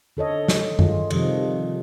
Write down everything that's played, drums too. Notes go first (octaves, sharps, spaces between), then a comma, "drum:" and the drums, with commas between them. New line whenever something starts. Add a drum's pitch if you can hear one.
D3 A4 C#5 D#5
drum: snare
G#3 F4, drum: tom F#2
C3 D#3 F3 G3 D#5, drum: cymbal